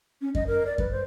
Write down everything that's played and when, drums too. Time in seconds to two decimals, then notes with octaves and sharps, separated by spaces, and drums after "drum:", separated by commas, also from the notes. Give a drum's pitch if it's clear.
0.21 C#4
0.35 D#5, drum: kick F#2
0.47 A#4
0.66 D5
0.78 B4, drum: kick F#2
0.91 C5